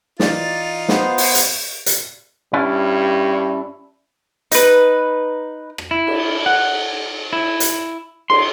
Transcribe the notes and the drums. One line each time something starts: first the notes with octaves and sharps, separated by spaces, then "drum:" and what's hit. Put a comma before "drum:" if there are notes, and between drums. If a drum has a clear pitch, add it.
E3 D#4 F4 D5 A6, drum: snare
B3 C5, drum: snare
drum: open hi-hat
drum: hi-hat
drum: hi-hat
G2 C#4 D4 E4
D#4 B4, drum: hi-hat
drum: rim click
E4
drum: cymbal
F#5
E4
drum: hi-hat
C6, drum: cymbal